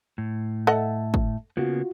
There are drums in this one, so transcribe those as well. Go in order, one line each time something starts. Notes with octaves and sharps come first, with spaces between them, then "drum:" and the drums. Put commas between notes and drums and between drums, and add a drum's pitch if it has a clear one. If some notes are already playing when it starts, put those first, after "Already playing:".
A2
A4 D#5 E5 F#5 A5
drum: kick
C#3 A#3 B3 F4 F#4